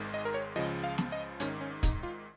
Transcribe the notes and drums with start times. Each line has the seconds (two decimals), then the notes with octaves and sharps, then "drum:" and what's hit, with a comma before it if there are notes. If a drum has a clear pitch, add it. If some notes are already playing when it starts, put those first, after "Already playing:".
Already playing: G#1 G#2 D#3 G#3
0.14 D#5
0.25 A#4
0.34 C#5
0.56 C#2 C#3 F3 D#5
0.84 F5
0.98 drum: snare
1.12 D#5
1.40 G#1 G#2 D#3 C#4, drum: hi-hat
1.61 C#4
1.83 D#4, drum: kick, hi-hat
2.03 F4